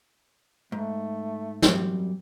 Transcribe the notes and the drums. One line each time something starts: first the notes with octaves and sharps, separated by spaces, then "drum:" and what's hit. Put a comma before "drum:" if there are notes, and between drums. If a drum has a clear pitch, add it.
G#2 A3
F#2 G3 C4, drum: snare